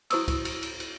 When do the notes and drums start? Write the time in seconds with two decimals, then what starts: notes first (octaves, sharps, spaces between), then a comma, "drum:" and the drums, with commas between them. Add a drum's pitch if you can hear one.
0.10 E4 F#4 C5 C#6 D#6 E6, drum: cymbal
0.28 drum: kick, cymbal
0.45 drum: cymbal
0.63 drum: cymbal
0.80 drum: cymbal